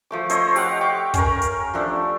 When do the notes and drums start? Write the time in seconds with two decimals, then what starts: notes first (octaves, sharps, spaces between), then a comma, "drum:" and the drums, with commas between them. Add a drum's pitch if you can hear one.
0.11 F3 A3 D6
0.30 A4 C5 C#5 D#5, drum: hi-hat
0.56 G4 F5 F#5, drum: open hi-hat
0.81 G5 C#6 D6
1.14 C#4 A#4, drum: kick, hi-hat
1.42 drum: hi-hat
1.74 F3 A3 D4 A4